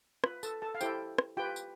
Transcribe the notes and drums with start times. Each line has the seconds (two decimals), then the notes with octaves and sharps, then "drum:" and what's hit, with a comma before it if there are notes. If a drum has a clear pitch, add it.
0.24 F4 B4 B5, drum: rim click
0.43 A4 A5, drum: tambourine
0.62 A4 A5
0.75 F5
0.81 E4 G4 A4 C5 G5, drum: tambourine
1.18 drum: rim click
1.37 F4 G4 B4 G5
1.56 drum: tambourine